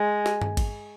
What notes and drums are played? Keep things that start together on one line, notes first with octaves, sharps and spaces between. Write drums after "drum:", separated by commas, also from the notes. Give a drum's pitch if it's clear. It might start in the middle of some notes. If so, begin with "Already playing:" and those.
Already playing: G#3
drum: snare
drum: tom G2
drum: kick G#1, cymbal